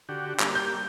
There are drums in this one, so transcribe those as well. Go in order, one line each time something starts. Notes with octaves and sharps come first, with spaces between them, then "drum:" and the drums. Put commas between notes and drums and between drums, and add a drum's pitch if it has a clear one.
D3 F#4 G4
G3 A#3, drum: clap
G6